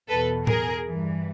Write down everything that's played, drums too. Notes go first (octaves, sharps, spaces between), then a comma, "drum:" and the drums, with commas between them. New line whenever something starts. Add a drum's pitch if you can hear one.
E2 B2 A4 B4
G#4 A#4, drum: tom A2
G2 E3